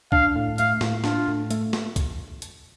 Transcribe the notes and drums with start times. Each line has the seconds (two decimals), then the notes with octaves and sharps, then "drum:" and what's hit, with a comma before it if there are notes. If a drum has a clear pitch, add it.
0.12 D4 F5, drum: kick C2
0.36 A2
0.58 A3 F5, drum: hi-hat
0.81 A2, drum: snare
1.04 D4 F4, drum: snare
1.28 A2
1.51 A3, drum: hi-hat
1.73 drum: snare
1.96 drum: kick C2, hi-hat
2.42 drum: hi-hat